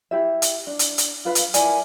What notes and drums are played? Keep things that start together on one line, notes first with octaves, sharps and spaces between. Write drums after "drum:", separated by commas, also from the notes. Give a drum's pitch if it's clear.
E4 G4 E5
drum: hi-hat
D4
drum: hi-hat
drum: hi-hat
F4 B4 F5
drum: hi-hat
E4 A#4 D5 G#5, drum: hi-hat